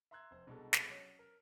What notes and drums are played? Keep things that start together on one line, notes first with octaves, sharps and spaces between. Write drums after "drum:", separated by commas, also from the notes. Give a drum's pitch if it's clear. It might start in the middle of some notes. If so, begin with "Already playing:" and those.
E5 A#5 C6 E6 F#6 G#6
F1 C5
C2 B2 G#3 D4 A4
drum: snare
F#3 C#4
A#4